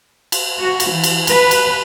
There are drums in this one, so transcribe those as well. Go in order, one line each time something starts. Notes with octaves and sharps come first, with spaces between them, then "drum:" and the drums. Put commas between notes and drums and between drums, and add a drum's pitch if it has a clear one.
drum: cymbal
F#4
drum: cymbal
E3
drum: cymbal
B4, drum: cymbal
drum: cymbal